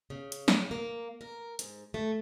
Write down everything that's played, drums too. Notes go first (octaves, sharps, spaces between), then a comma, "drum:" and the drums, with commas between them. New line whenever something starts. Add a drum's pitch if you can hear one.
C#3
drum: hi-hat
drum: snare
A#3
A#4
G#2, drum: hi-hat
A3